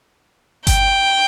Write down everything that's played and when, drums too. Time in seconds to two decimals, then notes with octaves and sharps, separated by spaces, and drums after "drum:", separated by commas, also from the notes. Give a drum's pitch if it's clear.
0.67 G5, drum: kick G1, hi-hat